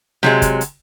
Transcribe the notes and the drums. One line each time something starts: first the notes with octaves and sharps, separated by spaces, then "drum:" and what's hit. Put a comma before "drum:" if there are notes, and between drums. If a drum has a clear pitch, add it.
C3 F#3 G#3, drum: snare
drum: kick, hi-hat
drum: hi-hat